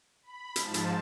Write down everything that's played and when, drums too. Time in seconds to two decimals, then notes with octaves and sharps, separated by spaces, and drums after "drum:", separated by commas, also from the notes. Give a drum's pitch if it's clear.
0.23 B5
0.56 G#2 F3 A5, drum: hi-hat
0.74 drum: hi-hat